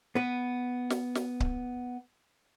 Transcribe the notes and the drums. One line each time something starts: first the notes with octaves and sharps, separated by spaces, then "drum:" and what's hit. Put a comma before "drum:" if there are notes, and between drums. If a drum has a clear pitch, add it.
B3 B4
drum: snare
drum: snare
drum: kick C#1